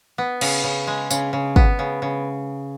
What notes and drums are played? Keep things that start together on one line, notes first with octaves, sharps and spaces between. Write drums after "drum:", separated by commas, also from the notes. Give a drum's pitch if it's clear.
B3
C#3, drum: cymbal
C#3
G#3
C#3, drum: tambourine
C#3
B3, drum: kick
C#3
C#3